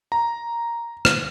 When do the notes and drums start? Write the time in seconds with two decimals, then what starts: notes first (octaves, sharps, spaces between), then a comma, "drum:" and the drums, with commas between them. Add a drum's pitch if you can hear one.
0.12 A#5
1.05 drum: rim click